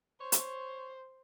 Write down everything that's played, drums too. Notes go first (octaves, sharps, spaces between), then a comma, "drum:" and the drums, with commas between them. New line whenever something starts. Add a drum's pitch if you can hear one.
C5 C#5
drum: hi-hat